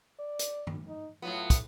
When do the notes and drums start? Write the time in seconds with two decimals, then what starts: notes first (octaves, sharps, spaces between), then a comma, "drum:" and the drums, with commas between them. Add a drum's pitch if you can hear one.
0.19 D5
0.39 drum: hi-hat
0.67 drum: tom G2
0.88 D#4
1.22 A2 F#3 B3 F4
1.50 drum: kick, hi-hat